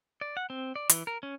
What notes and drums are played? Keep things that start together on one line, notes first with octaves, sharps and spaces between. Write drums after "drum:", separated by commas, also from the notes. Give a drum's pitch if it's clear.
D5
F#5
C4
D5
E3, drum: hi-hat
A#4
C#4